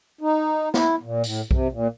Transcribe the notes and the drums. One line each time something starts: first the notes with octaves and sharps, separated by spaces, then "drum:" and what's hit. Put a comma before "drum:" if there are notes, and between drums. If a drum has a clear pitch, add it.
D#4
E4, drum: snare
A#2
A2, drum: tambourine
C3, drum: kick B1
A#2